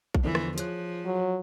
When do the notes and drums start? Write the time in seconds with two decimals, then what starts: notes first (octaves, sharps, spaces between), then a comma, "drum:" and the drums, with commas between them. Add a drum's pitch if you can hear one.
0.14 drum: kick A#1
0.24 E2 D3 E3 F3
0.35 drum: rim click
0.58 F3 G#4 C#5 F#6, drum: hi-hat
1.05 F#3